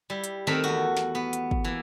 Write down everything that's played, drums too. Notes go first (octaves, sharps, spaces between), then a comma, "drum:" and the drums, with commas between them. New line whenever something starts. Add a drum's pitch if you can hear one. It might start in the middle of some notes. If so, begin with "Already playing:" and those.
G3 E4
drum: hi-hat
D#3 A3 C4 A#4 B4 B5
E2 F#4
drum: snare
B3
drum: hi-hat
drum: kick
E3 A#3